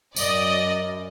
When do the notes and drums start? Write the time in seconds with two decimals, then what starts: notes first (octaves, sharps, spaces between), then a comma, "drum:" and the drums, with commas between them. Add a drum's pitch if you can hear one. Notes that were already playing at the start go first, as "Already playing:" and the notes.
0.16 F#2 D5 D#5, drum: tambourine